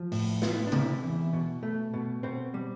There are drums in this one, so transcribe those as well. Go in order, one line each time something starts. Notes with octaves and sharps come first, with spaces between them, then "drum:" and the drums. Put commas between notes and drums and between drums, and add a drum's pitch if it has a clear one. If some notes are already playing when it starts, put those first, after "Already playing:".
Already playing: F3
A2, drum: open hi-hat
B3 F4, drum: snare
E4
D4
C3, drum: tom C3
E4
E2
B2
A3
B2
B2 C4
G3